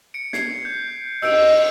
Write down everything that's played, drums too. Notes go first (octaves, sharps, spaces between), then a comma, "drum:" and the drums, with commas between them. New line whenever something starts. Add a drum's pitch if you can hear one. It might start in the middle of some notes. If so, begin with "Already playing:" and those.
C#7 D7
G#6 C7, drum: snare
G6
D#5 E6 G6 D7, drum: cymbal